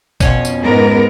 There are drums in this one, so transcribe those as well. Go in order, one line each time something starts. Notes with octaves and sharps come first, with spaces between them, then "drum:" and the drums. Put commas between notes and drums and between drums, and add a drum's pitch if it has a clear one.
F2 B2 C#4, drum: kick, tambourine
drum: tambourine
G#2 B3 A#4